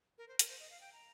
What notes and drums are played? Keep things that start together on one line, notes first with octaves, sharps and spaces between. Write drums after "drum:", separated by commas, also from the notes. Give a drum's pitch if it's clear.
A#4
C5
A#4, drum: hi-hat
C5
D#5
F5
G5
A#5